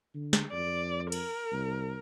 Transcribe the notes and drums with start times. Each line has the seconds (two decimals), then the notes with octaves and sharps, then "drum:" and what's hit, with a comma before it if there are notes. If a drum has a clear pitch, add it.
0.14 D3
0.33 drum: snare
0.52 F2 D5
1.12 A#4, drum: cymbal
1.52 C2